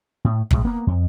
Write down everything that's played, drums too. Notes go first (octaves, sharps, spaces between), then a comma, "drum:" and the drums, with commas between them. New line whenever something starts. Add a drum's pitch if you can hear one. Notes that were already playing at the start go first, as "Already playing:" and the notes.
A2
B1 A2 G#3, drum: kick
A#3 B3
F2